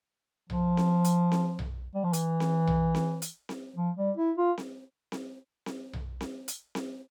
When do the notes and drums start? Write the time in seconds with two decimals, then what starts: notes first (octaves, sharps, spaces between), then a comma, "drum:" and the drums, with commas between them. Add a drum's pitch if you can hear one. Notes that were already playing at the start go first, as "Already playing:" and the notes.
0.50 F3, drum: tom B1
0.77 drum: snare C4
1.04 drum: hi-hat
1.32 drum: snare C4
1.59 drum: tom B1
1.95 G3
2.04 F3
2.13 E3, drum: hi-hat
2.40 drum: snare C4
2.67 drum: tom B1
2.95 drum: snare C4
3.22 drum: hi-hat
3.49 drum: snare C4
3.76 F3
3.97 G3
4.17 E4
4.37 F4
4.58 drum: snare C4
5.12 drum: snare C4
5.66 drum: snare C4
5.93 drum: tom B1
6.21 drum: snare C4
6.48 drum: hi-hat
6.75 drum: snare C4